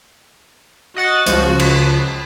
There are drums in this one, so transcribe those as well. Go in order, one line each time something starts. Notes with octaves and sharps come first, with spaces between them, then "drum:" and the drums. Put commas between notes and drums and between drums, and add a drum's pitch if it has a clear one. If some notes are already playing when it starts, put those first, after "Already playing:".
F#4 D#5 F#5 A6
C#2 F3, drum: hi-hat
drum: cymbal